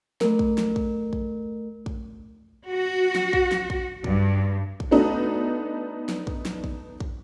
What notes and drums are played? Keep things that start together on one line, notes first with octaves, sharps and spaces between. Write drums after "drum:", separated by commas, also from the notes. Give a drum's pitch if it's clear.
A3 A#4, drum: snare
drum: kick
drum: snare
drum: kick
drum: kick
drum: kick
F#4
drum: snare
drum: kick
drum: snare
drum: kick
G2, drum: kick
drum: kick
A3 B3 D4 D#4 F#4 A4
drum: snare
drum: kick
drum: snare
drum: kick
drum: kick